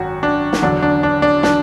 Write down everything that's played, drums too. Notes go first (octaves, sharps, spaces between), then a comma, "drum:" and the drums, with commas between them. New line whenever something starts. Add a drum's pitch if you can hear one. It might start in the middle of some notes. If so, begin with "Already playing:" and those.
Already playing: G#1 F#2 F#4
D4
drum: snare
E2 D3 F#3 D4
D4
D4
D4
D4, drum: snare